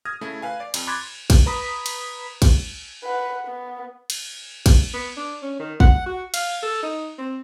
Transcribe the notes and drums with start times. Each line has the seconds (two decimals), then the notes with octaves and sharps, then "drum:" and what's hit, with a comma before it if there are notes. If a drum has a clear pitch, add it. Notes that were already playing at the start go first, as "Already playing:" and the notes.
0.05 D#6 F6 G#6 A#6
0.21 C#3 A3 E4
0.42 B4 F5 G#5
0.60 D5
0.74 F2, drum: cymbal
0.87 B5 C6 D6 F#6 G#6 A6
1.30 drum: kick, cymbal
1.46 B4 A#5 B5 D#6 B6
1.86 drum: cymbal
2.42 drum: kick, cymbal
3.04 B4 F#5
3.47 B3
4.10 drum: cymbal
4.66 drum: kick, cymbal
4.94 B3
5.17 D4
5.42 C#4
5.59 D#3
5.80 F#5, drum: kick
6.06 F#4
6.34 F5, drum: cymbal
6.62 A4
6.82 D#4
7.18 C4